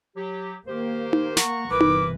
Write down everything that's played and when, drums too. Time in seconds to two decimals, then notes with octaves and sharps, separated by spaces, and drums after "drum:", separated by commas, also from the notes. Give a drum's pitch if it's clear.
0.17 F#3 G4
0.68 D#3 A#3 G4 C5
1.13 drum: tom D#4
1.37 F#5 A#5 C#6, drum: snare
1.71 G1 C3 E3 E4 A#4 B4 D6
1.81 drum: tom D#4